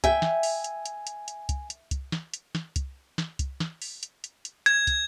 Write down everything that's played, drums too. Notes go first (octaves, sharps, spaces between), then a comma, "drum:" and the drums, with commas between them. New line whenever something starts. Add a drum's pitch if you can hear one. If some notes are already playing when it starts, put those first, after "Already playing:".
E5 G5 G#5, drum: kick, hi-hat
drum: snare
drum: open hi-hat
drum: hi-hat
drum: hi-hat
drum: hi-hat
drum: hi-hat
drum: kick, hi-hat
drum: hi-hat
drum: kick, hi-hat
drum: snare
drum: hi-hat
drum: snare
drum: kick, hi-hat
drum: snare
drum: kick, hi-hat
drum: snare
drum: open hi-hat
drum: hi-hat
drum: hi-hat
drum: hi-hat
G#6, drum: hi-hat
drum: kick, hi-hat